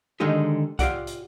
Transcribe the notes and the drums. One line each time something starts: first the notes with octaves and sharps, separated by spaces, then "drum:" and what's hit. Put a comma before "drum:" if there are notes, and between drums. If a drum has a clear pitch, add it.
D3 D#3 G#3 D#4 G4 G#4
F4 G4 D5 F#5, drum: kick B1, hi-hat
drum: hi-hat